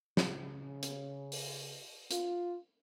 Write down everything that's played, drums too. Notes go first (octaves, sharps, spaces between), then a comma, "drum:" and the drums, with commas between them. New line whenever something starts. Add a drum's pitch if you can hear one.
C#3, drum: snare
drum: hi-hat
drum: open hi-hat
F4, drum: hi-hat